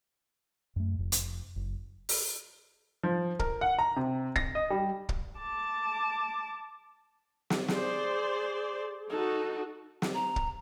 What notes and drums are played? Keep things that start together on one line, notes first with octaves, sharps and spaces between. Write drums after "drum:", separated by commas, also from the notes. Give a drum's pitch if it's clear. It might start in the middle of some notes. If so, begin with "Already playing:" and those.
F#2 A3
F1
drum: hi-hat
F#1
drum: open hi-hat
F3
A#4, drum: kick
F#5
A#5
C3
A#6, drum: kick
D#5
G3
drum: kick
A5 D6
drum: snare
G#4 C5 D5, drum: snare
D#4 F#4 A4
drum: snare
A#5
drum: kick